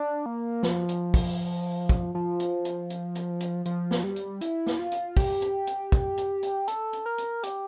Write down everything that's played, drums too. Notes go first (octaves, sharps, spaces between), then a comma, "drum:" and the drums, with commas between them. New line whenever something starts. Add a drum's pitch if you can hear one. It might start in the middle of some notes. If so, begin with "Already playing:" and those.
Already playing: D4
A#3
F3, drum: snare
drum: hi-hat
drum: kick, open hi-hat
drum: kick, hi-hat
F3
drum: hi-hat
drum: hi-hat
drum: hi-hat
drum: hi-hat
drum: hi-hat
F3, drum: hi-hat
drum: snare
G3
drum: hi-hat
E4, drum: hi-hat
drum: snare
F4
drum: hi-hat
G4, drum: kick, open hi-hat
drum: hi-hat
drum: hi-hat
drum: kick, hi-hat
drum: hi-hat
drum: hi-hat
A4, drum: hi-hat
drum: hi-hat
A#4
drum: hi-hat
G4, drum: hi-hat